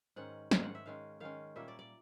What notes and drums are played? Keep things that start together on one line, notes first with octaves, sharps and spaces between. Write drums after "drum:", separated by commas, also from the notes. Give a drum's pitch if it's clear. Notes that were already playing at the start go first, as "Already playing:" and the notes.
G#2 D#3 G#3 C#4 F#5
G#2 D#3 G#3 C#4 F5, drum: snare
F#5
E5
D#3 G#3 C#4 F5
D#3 G#3 C#4 F5
A#2 G3 A#3 C#4 E5
D5
D5